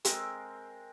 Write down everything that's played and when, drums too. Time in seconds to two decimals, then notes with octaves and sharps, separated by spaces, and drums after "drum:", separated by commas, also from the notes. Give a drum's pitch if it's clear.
0.05 G#3 C4 A#4, drum: hi-hat